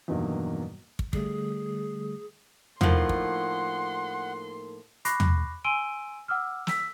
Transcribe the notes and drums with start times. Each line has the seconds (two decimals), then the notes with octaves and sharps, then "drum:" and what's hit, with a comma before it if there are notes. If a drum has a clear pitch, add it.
0.08 E2 G2 B2 D#3 F#3 A#3
0.99 drum: kick
1.13 D3 G3 A3 G#4, drum: kick
2.81 A2 F3 A#3 D#4 A#4 F#5 C6, drum: tom
3.09 drum: kick
5.05 B5 C#6 D6 F#6 A#6 C7, drum: hi-hat
5.20 drum: tom
5.64 G#5 C6 E6 D7 D#7 G7
6.28 F#5 D6 E6 F6
6.67 E6 B6, drum: snare